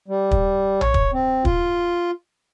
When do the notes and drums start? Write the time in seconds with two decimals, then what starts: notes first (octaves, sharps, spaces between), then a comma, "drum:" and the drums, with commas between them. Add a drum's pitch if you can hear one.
0.08 G3
0.31 drum: kick
0.81 C#5, drum: tom A#1
0.94 drum: kick
1.13 C4
1.45 F4, drum: kick